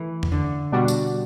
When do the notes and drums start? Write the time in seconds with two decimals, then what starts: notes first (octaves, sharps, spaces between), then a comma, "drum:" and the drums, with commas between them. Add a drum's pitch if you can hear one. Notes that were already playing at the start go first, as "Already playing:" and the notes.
Already playing: E3 A3
0.23 drum: tom E2
0.32 D3
0.72 B2 G3 D4 F#4
0.88 drum: tambourine